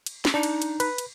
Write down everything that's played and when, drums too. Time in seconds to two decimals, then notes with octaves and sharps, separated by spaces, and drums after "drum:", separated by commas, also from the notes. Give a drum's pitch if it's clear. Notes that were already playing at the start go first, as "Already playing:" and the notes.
0.06 drum: cymbal
0.25 drum: snare
0.34 D4 D#4
0.43 drum: cymbal
0.62 drum: cymbal
0.80 B4, drum: cymbal
0.98 drum: cymbal